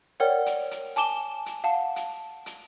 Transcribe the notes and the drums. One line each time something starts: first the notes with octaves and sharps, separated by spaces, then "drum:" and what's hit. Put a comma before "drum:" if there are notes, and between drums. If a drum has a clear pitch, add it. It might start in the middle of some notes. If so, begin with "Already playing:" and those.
A#4 C#5 D5 F#5 G5
drum: hi-hat
drum: hi-hat
G#5 A5 D6 E7 G7, drum: hi-hat
drum: hi-hat
F5 F#5 A5
drum: hi-hat
drum: hi-hat